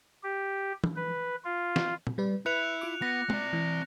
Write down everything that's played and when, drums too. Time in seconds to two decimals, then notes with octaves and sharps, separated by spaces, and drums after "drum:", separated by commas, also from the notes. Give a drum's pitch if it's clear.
0.24 G4
0.84 drum: tom E3
0.96 B4
1.45 F4
1.76 drum: snare
2.07 drum: tom
2.18 G3 B4 D5
2.46 E4 B4 F#6 C#7 F7
2.81 F4 D6
3.02 B3 A#6
3.30 C4 D5, drum: tom
3.53 E3